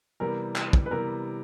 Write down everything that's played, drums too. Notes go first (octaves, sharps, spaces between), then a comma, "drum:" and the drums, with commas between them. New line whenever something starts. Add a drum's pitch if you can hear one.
C3 E3 G3 B3 A#4
drum: clap
drum: kick
B4
C3 E3 G3 B3 A#4